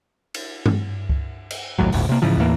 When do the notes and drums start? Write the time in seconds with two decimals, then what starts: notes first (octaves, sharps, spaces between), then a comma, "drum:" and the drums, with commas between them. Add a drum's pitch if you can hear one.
0.34 drum: cymbal
0.66 drum: tom G2
1.09 drum: kick C#2
1.51 drum: cymbal
1.79 A#1 D#2 A2 F#3
1.92 D1 G1 D2 A2, drum: open hi-hat
2.09 C3 A#3
2.22 G#2 C#3 E3 F3
2.37 D#2 A2 E3 A#3